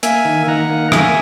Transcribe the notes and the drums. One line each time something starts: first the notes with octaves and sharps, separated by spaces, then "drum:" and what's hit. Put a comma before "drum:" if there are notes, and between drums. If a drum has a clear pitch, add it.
A#3 E5 G#5, drum: hi-hat
D#3
D#3 F#5 A#5
A#3
A#3 E5 G#5, drum: rim click